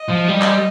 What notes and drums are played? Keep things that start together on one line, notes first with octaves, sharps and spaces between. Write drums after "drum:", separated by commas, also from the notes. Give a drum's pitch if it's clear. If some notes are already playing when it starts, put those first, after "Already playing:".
Already playing: D#5
F3
G3
drum: clap